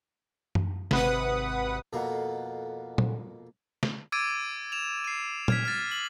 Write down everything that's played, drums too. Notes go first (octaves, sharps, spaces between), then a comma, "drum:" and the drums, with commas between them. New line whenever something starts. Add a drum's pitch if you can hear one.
drum: tom F#2
G#1 C3 B4 F#5 D#6, drum: snare
F2 B2 A#3 A4 F5 F#5
drum: tom A#2
drum: snare
D6 E6 G#6 A6 D7 D#7
E7 F7
C7 D#7
F6 G#6 B6, drum: tom A#2
F6 A6
F#7